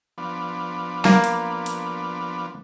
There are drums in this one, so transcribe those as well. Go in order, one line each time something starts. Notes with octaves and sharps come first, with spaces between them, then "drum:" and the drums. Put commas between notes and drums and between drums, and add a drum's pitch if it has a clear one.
F3 B3 D4
A#3, drum: snare
drum: hi-hat
drum: hi-hat